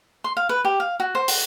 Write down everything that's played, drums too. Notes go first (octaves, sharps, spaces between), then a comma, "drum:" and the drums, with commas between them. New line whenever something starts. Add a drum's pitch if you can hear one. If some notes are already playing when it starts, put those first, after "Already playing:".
C6
F5
B4
G4
F5
F#4
C5
F#4, drum: open hi-hat